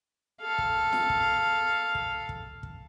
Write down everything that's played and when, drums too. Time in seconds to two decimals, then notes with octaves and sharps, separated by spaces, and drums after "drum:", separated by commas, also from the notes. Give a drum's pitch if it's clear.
0.41 A4 F5
0.58 drum: kick
0.93 drum: snare
1.10 drum: kick
1.95 drum: kick
2.29 drum: kick
2.63 drum: kick